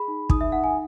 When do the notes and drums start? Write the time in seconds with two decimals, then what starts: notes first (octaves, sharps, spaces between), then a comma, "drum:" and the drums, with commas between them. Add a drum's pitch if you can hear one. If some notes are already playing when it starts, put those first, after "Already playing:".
Already playing: G#4 B5
0.08 D#4
0.30 D#4 D#6, drum: kick
0.41 E5
0.52 D#4 F#5
0.64 G#5